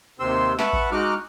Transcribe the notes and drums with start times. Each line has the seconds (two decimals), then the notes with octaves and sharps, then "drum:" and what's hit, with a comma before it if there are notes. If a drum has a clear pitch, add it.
0.20 D#2 C3 C4 C6 E6
0.59 B4 E5 F#5 A5 B5 C#6, drum: snare
0.73 drum: kick A1
0.92 G#3 D#4 F#4 D6 F6 F#6